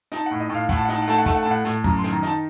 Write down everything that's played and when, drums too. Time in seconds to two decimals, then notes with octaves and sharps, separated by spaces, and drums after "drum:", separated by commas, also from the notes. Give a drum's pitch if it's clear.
0.12 D#4 A5, drum: hi-hat
0.26 F#5
0.31 A2
0.40 D#5
0.49 A2
0.55 F5
0.69 A2 F#5, drum: kick, hi-hat
0.77 A5
0.85 F#5
0.89 D#4 A5, drum: hi-hat
1.02 F#5
1.07 A3 A5, drum: hi-hat
1.18 F#5
1.26 A3 A5, drum: kick, hi-hat
1.35 F#5
1.43 A2 A5
1.51 F#5
1.65 A2, drum: hi-hat
1.84 F#2 A#5, drum: kick
1.98 C6
2.04 D#3, drum: hi-hat
2.12 A#5
2.23 D#4 A5, drum: hi-hat